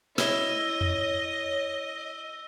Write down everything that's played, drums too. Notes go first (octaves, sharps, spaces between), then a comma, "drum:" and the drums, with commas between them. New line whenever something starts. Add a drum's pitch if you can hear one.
E4 C#5 D#5 E6, drum: snare
drum: tom E2